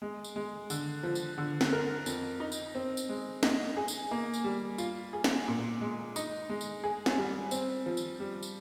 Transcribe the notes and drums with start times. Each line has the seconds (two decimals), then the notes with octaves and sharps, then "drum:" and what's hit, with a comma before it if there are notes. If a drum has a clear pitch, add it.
0.02 G#3
0.24 drum: tambourine
0.36 G#3
0.70 D3, drum: tambourine
1.03 F3
1.15 drum: tambourine
1.38 D3
1.61 drum: snare
1.73 A#4
2.06 F2, drum: tambourine
2.40 D#4
2.52 drum: tambourine
2.75 C4
2.97 drum: tambourine
3.09 G#3
3.43 D#4, drum: snare
3.77 G#4
3.88 drum: tambourine
4.11 A#3
4.33 drum: tambourine
4.44 G3
4.78 F4, drum: tambourine
5.13 G#4
5.24 drum: snare
5.48 A#2
5.81 G#3
6.16 D#4, drum: tambourine
6.50 G#3
6.61 drum: tambourine
6.84 G#4
7.06 drum: snare
7.18 G3
7.51 C4, drum: tambourine
7.86 F3
7.97 drum: tambourine
8.20 G3
8.43 drum: tambourine